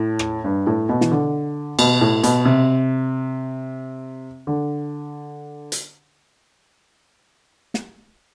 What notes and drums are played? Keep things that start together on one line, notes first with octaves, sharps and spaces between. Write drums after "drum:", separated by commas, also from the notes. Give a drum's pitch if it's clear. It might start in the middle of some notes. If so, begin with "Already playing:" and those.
Already playing: A2
drum: rim click
G2
A2
B2
E3, drum: snare
D3
B2, drum: cymbal
A2
B2, drum: hi-hat
C3
D3
drum: hi-hat
drum: snare